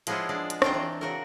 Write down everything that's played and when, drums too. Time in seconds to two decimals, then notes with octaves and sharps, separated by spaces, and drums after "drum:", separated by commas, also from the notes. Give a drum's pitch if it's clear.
0.07 F3 G#3 B3 C#4 E4 F4, drum: hi-hat
0.29 G#3 D4 F4
0.50 drum: hi-hat
0.62 C4 D4 F4 G5 A#5, drum: rim click
0.74 E3
1.01 C#3 F#4 A#4